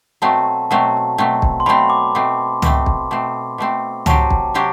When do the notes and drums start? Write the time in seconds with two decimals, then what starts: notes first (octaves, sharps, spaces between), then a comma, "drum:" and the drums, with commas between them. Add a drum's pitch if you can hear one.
0.22 B2 F#3 A3 C4 A5
0.71 B2 F#3 A3 C4 A5
0.97 A5
1.18 B2 F#3 A3 C4
1.42 drum: kick
1.60 C6
1.66 B2 F#3 A3 C4 B5
1.90 D6
2.15 B2 A3 C4
2.62 B2 A3 C4, drum: tom
2.86 drum: kick
3.11 B2 A3 C4
3.58 B2 A3 C4
4.06 C3 F#3 C4 G4 A5, drum: tom
4.31 drum: kick
4.54 C3 F#3 C4 G4